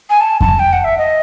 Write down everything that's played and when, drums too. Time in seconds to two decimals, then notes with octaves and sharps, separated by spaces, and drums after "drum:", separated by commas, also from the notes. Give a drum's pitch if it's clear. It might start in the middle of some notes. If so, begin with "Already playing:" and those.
0.10 G#5
0.21 A5
0.41 A5, drum: kick F2
0.59 G5
0.73 F#5
0.84 E5
0.98 D#5